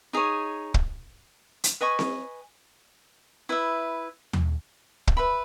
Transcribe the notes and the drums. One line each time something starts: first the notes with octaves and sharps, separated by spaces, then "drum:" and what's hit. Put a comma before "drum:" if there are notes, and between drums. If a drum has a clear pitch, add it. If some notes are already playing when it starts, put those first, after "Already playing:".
D#4 G#4 C#5
drum: kick
drum: hi-hat
B4 D#5 G#5 C#6
drum: snare C4
E4 B4 E5
drum: tom D#2
drum: kick
B4 E5 B5